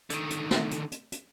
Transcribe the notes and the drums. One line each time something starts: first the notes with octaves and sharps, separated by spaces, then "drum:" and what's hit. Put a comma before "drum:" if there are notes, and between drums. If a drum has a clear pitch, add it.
D3 D#3, drum: hi-hat
drum: hi-hat
drum: snare
drum: hi-hat
drum: hi-hat
drum: hi-hat